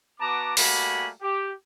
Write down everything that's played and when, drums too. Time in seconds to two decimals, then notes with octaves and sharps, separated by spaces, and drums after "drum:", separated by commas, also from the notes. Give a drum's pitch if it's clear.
0.20 B3 F#4 A5 A#5 D6
0.57 G3 A3 A#3 F#4 G#5 B5, drum: open hi-hat
1.22 G4